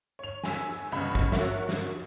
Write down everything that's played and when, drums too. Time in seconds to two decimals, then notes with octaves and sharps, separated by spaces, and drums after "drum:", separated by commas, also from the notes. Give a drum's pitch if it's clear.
0.19 C#5 F7
0.44 G#5 E6 B6, drum: snare
0.61 drum: tambourine
0.92 G1 C2 C#3 D#5 B5
1.15 drum: kick
1.32 F#4 A#4 C#5 E5, drum: snare
1.69 drum: snare